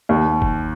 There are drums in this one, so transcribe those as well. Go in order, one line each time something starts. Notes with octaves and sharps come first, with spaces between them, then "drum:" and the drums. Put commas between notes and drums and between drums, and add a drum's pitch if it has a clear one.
D#2
drum: kick